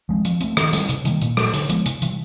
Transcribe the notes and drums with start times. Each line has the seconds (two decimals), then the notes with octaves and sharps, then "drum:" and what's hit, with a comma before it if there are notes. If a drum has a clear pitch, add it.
0.09 F3 G#3 C4
0.25 F3, drum: hi-hat
0.41 A3 C4, drum: hi-hat
0.57 D#3, drum: rim click
0.73 G3 C4, drum: hi-hat
0.89 C3, drum: hi-hat
1.05 D#3 G3 A#3, drum: hi-hat
1.22 A#2, drum: hi-hat
1.37 F#3 A3, drum: rim click
1.54 D3, drum: hi-hat
1.70 F3 G#3 B3, drum: hi-hat
1.86 C3, drum: hi-hat
2.02 E3 G3, drum: hi-hat